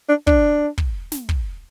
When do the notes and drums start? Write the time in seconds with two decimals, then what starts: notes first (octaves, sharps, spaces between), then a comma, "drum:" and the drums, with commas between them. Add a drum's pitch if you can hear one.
0.09 D4
0.27 D4, drum: kick
0.78 drum: kick
1.12 drum: snare
1.29 drum: kick